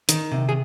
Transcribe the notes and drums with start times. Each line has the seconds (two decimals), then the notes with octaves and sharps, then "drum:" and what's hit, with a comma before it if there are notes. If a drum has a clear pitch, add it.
0.09 D#3, drum: hi-hat
0.32 C3
0.49 G#4